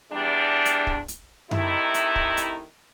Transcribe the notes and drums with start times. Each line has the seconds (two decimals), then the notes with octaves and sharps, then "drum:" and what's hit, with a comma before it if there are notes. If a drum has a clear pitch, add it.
0.13 E2 G3 D4
0.65 drum: hi-hat
0.87 drum: kick
1.08 drum: hi-hat
1.51 C3 D#3 A3 D#4 E4, drum: tom F#2
1.94 drum: hi-hat
2.16 drum: kick
2.37 drum: hi-hat